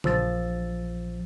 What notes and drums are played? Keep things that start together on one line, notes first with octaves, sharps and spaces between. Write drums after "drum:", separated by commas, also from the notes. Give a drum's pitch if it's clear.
A#1 F3 E6 A6, drum: tom C#3